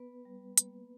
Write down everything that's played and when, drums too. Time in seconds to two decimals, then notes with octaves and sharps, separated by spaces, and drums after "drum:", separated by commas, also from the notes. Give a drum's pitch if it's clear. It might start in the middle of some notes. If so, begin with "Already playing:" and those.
Already playing: B3 B4
0.25 G3
0.58 A#3, drum: hi-hat